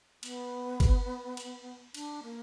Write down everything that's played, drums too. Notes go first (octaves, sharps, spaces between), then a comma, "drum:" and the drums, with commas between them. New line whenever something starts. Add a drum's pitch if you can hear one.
B3, drum: cymbal
drum: kick, cymbal
drum: cymbal
D4, drum: cymbal
A#3